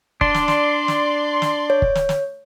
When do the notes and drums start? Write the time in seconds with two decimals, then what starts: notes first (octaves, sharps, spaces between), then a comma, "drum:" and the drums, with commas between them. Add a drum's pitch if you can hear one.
0.21 D4 D5 C6, drum: kick
0.34 drum: snare
0.48 drum: snare
0.88 drum: snare
1.42 drum: snare
1.70 C#5
1.82 drum: kick
1.95 drum: snare
2.09 drum: snare